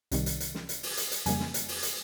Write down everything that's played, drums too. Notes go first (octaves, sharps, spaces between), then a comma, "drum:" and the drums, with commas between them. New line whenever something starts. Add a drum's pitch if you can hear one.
C2 C3 D#3 G3, drum: hi-hat
drum: hi-hat
drum: hi-hat
drum: snare
drum: hi-hat
drum: open hi-hat
drum: hi-hat
drum: hi-hat
F2 C#3 G3 A#3 G#5, drum: hi-hat
drum: snare
drum: hi-hat
drum: open hi-hat
drum: hi-hat